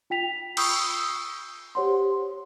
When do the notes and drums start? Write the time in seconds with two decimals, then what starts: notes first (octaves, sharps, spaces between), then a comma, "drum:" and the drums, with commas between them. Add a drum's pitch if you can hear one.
0.10 F4 G5 B6 F7
0.57 B5 C#6 D#6 E6 G6, drum: cymbal
1.75 G4 C5 C#5 F#5 C6